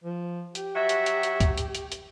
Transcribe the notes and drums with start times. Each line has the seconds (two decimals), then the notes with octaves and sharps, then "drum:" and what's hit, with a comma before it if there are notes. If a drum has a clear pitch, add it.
0.04 F3
0.55 G4, drum: hi-hat
0.76 F#3 F#4 E5
0.89 drum: hi-hat
1.06 drum: hi-hat
1.23 drum: hi-hat
1.40 drum: kick, hi-hat
1.57 drum: hi-hat
1.75 drum: hi-hat
1.92 drum: hi-hat